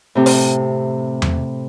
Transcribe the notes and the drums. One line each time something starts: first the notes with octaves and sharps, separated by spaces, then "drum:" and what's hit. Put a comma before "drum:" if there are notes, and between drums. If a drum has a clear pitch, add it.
A2 C3
drum: open hi-hat
drum: tom E2